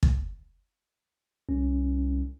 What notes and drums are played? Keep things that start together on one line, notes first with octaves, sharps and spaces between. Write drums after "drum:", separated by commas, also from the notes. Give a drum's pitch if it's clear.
drum: kick
C2 C#4